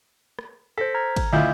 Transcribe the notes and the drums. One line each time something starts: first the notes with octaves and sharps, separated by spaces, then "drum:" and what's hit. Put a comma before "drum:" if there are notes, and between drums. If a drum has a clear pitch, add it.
drum: rim click
A4 C5 A#6 B6
A#5 F6 G#6
drum: kick G#1, cymbal
D2 E4 F4 D#5 G6